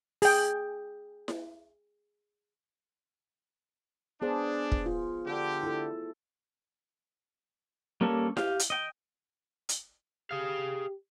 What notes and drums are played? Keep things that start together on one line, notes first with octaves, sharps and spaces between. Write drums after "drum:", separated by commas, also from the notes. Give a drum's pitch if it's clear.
G#4 G5, drum: open hi-hat
drum: snare E4
B3 D4 G#4 C5
drum: kick
F4
D3 G4
E4 A4
G3 A#3 C#4 A4
G4 F5, drum: snare E4
drum: hi-hat
D#5 G5
drum: hi-hat
G4 G#4 F5